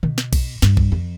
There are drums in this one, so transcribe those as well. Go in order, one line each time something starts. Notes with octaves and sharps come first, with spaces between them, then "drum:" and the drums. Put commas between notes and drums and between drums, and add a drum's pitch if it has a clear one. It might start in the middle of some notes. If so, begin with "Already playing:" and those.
B2, drum: tom D3
drum: snare
drum: kick B1, cymbal
G2, drum: snare
drum: kick B1
F2